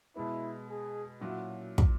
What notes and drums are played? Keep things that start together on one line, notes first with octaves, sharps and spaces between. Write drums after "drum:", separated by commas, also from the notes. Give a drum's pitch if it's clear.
B2 G#3 B3 E4
G#4
A#2 F#3 C#4 E4 F#4
drum: kick